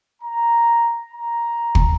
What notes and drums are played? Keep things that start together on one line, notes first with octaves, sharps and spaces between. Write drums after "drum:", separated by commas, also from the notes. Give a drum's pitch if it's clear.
A#5
A#5
drum: kick